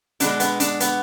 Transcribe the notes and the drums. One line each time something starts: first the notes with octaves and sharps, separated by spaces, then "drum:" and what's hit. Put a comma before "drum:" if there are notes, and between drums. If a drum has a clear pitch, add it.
B2 G#3 D4, drum: hi-hat
B3, drum: hi-hat
D4, drum: hi-hat
B3, drum: hi-hat